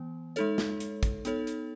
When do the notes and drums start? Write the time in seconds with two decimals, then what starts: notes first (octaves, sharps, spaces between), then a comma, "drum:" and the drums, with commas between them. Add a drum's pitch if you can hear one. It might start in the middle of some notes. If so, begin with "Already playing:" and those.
Already playing: E3 B3
0.36 G#3 D#4 A4 C#5, drum: hi-hat
0.58 drum: snare
0.80 drum: hi-hat
1.03 drum: kick, hi-hat
1.25 B3 D#4 A4 C#5, drum: hi-hat
1.47 drum: hi-hat